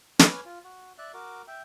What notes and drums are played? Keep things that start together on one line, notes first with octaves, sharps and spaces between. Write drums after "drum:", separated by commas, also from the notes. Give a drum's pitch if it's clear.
B4 C#5 G#5 D6 F6, drum: snare
F4
F#4
D5 E5 F#6
F#4 A#4 D6
E5 G5